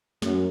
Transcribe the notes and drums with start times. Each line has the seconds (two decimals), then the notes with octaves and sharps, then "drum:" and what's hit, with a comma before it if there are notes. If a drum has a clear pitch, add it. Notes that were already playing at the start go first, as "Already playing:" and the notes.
0.22 F#2, drum: snare